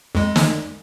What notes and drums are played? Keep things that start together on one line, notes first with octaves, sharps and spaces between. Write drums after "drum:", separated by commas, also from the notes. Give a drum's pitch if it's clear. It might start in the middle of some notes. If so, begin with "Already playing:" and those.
F2 G#3
drum: snare